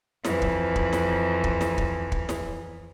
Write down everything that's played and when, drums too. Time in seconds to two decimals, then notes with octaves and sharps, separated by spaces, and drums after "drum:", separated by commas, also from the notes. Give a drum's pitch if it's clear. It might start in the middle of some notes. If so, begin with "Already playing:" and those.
0.25 F2 E3, drum: snare
0.42 drum: kick
0.76 drum: kick
0.93 drum: snare
1.44 drum: kick
1.61 drum: snare
1.78 drum: kick
2.12 drum: kick
2.29 drum: snare